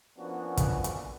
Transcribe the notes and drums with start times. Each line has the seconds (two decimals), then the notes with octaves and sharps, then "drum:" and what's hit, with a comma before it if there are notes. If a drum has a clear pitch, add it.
0.17 F3 A#3 B3 C#4 D4 F#4
0.57 drum: kick, hi-hat
0.84 drum: hi-hat